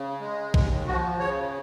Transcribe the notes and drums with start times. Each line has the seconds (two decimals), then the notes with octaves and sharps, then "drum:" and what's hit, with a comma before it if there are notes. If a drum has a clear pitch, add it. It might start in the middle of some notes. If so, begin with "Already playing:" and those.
Already playing: C#3
0.21 G#3
0.54 D#2, drum: kick
0.87 F3 F#4
1.19 C#3 C#5